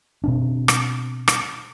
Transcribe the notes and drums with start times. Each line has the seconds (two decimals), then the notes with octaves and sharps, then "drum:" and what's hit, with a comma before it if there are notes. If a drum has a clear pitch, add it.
0.24 B2 C4 D4
0.68 drum: rim click
1.28 drum: rim click